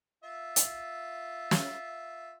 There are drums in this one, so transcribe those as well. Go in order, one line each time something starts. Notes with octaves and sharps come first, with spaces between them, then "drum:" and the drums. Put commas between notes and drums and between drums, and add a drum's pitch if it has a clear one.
F4 E5
drum: hi-hat
drum: snare